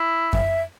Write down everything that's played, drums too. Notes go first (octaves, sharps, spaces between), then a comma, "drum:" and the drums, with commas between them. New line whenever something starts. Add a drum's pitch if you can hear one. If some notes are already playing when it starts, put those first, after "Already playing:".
Already playing: E4
E5, drum: kick F#2